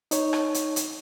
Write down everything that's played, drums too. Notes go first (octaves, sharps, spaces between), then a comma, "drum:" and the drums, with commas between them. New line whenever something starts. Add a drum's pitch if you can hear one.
D#4 C#5, drum: hi-hat
drum: rim click
drum: hi-hat
drum: hi-hat